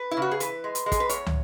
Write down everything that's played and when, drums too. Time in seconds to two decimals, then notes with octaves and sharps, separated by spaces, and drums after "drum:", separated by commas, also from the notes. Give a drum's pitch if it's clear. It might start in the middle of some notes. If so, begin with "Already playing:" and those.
Already playing: B4
0.11 E4
0.17 C#3
0.22 F#4
0.31 G#4
0.40 E3 B4, drum: hi-hat
0.64 G#3
0.75 drum: hi-hat
0.86 G#3
0.92 G#4, drum: kick, hi-hat
1.00 B4
1.09 E2 C#5, drum: hi-hat
1.26 drum: tom